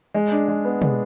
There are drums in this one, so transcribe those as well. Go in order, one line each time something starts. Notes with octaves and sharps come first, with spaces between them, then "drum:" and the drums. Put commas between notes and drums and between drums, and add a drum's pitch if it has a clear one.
G#3
D4
G#3
B3
G#3, drum: tom